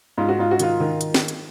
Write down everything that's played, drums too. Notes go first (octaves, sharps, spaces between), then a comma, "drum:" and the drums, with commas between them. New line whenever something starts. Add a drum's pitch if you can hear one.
G#2 F4
F#4
G#2 F4
F#4
D#3 F4, drum: hi-hat
D#3
drum: hi-hat
drum: snare
drum: hi-hat